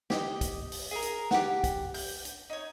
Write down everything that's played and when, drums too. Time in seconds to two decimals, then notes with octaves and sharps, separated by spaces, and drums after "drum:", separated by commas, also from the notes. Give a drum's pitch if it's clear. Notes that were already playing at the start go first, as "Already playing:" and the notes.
0.10 G4 D#5, drum: snare
0.41 drum: kick, hi-hat
0.72 drum: open hi-hat
0.91 G#4 A#4
1.02 drum: hi-hat
1.31 F#4 G4, drum: snare
1.64 drum: kick, hi-hat
1.94 G6, drum: open hi-hat
2.25 drum: hi-hat
2.50 D#4 C#5